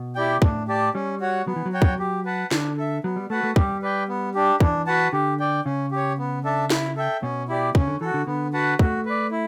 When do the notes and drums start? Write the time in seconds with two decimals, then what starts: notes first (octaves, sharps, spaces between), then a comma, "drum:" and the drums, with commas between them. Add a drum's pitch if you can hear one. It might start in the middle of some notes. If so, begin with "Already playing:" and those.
Already playing: B2
0.15 E4 G4 D5 G5
0.42 A2 D4, drum: kick
0.68 G4 D5 A5
0.94 G3 C#4
1.21 F#4 C#5 F#5
1.47 F#3 B3
1.56 E3
1.66 F#3
1.73 F#4 C#5 G5
1.82 drum: kick
1.99 G4
2.25 B4 F#5 A5
2.51 D3 D4, drum: snare
2.77 A4 E5
3.04 F#3 B3
3.16 G3
3.30 A3 F#4 B4 F#5 A5
3.44 A3
3.56 G3 G4, drum: kick
3.82 B4 D5 G5
4.08 B3
4.35 D4 G4
4.60 E3 D4, drum: kick
4.87 F#4 B4 F#5 A5
5.13 D3 G4
5.39 D5 G5
5.65 C#3 C#4
5.91 G4 C#5
6.18 B3
6.44 D4 A4 E5 A5
6.70 E4, drum: snare
6.96 A4 E5 G5
7.22 B2 C#4
7.49 E4 G4 D5
7.75 C#3 C#4, drum: kick
7.87 D3
8.01 E3 F#4 A4
8.14 D3
8.26 D3 B3
8.53 F#4 B4 F#5 A5
8.79 A3 F#4, drum: kick
9.06 B4 D5
9.31 E4